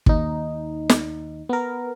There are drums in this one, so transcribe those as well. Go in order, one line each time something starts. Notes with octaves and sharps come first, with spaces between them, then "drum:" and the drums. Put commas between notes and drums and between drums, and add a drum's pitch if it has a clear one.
D#2 D#4, drum: kick
drum: snare
B3 A#4